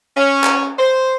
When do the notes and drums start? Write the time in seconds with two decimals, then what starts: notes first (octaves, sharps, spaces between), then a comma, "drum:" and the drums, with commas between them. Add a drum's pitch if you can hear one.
0.15 C#4
0.44 drum: clap
0.78 C5